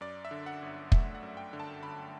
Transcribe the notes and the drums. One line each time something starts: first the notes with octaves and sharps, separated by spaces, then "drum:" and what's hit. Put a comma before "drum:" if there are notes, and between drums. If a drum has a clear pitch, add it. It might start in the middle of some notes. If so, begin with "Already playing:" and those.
F#2 D5
E5
D3
F#5
G1
A3 E5, drum: kick
F#5
F#2
G5
D3
A5
G1 B5